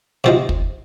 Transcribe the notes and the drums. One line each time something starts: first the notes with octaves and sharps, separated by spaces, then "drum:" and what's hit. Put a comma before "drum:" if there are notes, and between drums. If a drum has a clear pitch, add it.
C3 F3 C4 D#4
drum: kick